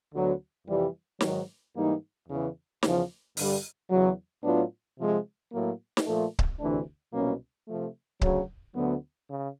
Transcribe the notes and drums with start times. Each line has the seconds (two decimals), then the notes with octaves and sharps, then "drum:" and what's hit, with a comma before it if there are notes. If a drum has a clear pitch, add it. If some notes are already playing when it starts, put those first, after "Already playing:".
0.13 D2 D3 F#3 B3
0.66 F2 C3 E3 G3
1.21 G#2 D#3 F#3, drum: snare
1.75 G#2 E3 G3 A#3 D#4
2.29 E2 C#3 E3
2.83 E2 C#3 F3, drum: snare
3.37 G2 D3 G3, drum: open hi-hat
3.90 E2 C#3 F#3
4.43 A2 F#3 B3 D4 F4
4.97 C3 F3 G#3
5.52 A2 F#3 A#3
5.97 drum: snare
6.06 A#2 F3 A3
6.39 drum: kick C#1
6.59 D2 C3 E3 A3 D4
7.13 C2 B2 F#3 A#3 C#4
7.67 C3 F3 A3
8.21 D2 C#3 F#3, drum: kick C#1
8.75 D2 D3 F#3 B3
9.30 C#3